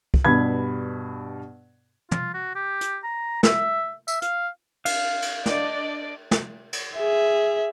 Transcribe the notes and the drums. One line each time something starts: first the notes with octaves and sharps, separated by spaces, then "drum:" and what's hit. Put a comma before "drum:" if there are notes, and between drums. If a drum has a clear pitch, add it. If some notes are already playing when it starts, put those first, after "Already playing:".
drum: kick
G2 B2 G3 B5 G#6
F4, drum: tom
F#4
G4
drum: hi-hat
A#5
E5, drum: snare
E5, drum: tambourine
F5, drum: hi-hat
F5, drum: cymbal
drum: cymbal
D4 D5 D#5, drum: snare
drum: snare
drum: cymbal
G#4 E5